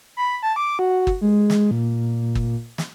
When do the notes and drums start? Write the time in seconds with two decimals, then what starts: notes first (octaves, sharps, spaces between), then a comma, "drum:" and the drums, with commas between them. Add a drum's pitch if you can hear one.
0.17 B5
0.43 A5
0.56 D6
0.79 F#4
1.07 drum: kick G1
1.21 G#3
1.50 drum: snare
1.71 A#2
2.35 drum: kick G1
2.78 drum: snare